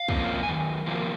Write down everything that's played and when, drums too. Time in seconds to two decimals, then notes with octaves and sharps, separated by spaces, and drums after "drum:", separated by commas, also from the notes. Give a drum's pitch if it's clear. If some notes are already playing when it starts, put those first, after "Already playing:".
Already playing: F5
0.08 C3 F3 A#3 C#4, drum: kick
0.43 G#5
0.48 F#2 D#3
0.86 E2 C3 F3 A#3